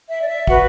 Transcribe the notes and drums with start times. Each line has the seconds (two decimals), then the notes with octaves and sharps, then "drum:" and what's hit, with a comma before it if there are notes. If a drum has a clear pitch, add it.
0.09 E5
0.22 D5
0.29 E5
0.47 F#4 B4 F#5, drum: kick